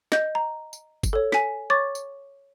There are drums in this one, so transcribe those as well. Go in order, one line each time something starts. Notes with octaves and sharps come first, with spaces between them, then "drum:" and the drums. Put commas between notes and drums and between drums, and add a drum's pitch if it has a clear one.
D#5 G6, drum: snare
A#5
drum: tambourine
drum: kick, tambourine
A4 C#5
G#5 B6, drum: snare
C#5 C#6 D6 A6
drum: tambourine